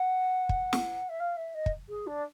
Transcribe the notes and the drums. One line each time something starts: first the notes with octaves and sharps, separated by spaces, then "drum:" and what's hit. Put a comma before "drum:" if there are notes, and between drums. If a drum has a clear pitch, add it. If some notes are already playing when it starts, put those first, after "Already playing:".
Already playing: F#5
drum: kick
drum: snare
E5
F5
E5
D#5
drum: kick
G#4
D4